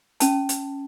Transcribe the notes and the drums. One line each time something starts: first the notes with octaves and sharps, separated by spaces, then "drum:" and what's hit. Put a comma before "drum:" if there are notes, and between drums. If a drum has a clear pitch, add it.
C#4 A5, drum: hi-hat
drum: hi-hat